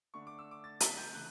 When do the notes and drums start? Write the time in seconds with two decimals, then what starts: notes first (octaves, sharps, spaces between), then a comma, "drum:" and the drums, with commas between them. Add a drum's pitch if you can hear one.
0.14 D3 A3 D4 C#6
0.27 D6
0.39 E6
0.51 D6
0.64 A6
0.80 B6, drum: hi-hat
0.97 G6
1.13 C#3 E3 A3 F#6